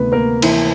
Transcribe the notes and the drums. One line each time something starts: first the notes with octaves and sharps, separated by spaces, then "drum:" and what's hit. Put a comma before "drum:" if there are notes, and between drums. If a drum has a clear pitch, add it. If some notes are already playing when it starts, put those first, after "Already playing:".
Already playing: D2 C3 D#3 A3 B3 B4
A#3 A#4
E3 E4, drum: cymbal